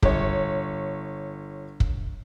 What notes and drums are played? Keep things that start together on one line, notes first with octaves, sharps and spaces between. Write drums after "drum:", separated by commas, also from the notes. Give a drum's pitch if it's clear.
G1 C#5, drum: kick
drum: kick